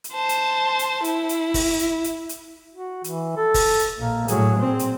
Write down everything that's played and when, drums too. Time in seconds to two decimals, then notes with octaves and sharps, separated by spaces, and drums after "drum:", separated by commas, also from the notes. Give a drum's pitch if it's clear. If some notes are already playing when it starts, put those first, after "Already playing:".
0.04 drum: hi-hat
0.14 C5 A5
0.29 drum: hi-hat
0.79 drum: hi-hat
1.04 E4, drum: hi-hat
1.29 drum: hi-hat
1.54 drum: kick F#1, open hi-hat
1.79 drum: hi-hat
2.04 drum: hi-hat
2.29 drum: hi-hat
2.72 F#4
3.04 E3, drum: hi-hat
3.36 A4
3.54 drum: kick F#1, open hi-hat
3.79 drum: hi-hat
3.98 A#1 A#3
4.28 A2 F#3 G#4, drum: hi-hat
4.57 A#2 C4
4.79 drum: hi-hat